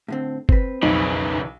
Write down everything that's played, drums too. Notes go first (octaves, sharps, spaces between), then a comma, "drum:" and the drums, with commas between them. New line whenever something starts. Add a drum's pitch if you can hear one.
A2 D3 C4
C4 B4, drum: kick
B1 F2 C#3 E3 D#4